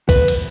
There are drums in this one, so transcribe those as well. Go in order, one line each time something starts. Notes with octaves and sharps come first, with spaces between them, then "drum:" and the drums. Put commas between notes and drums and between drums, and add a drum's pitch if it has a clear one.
B4, drum: kick, cymbal
drum: cymbal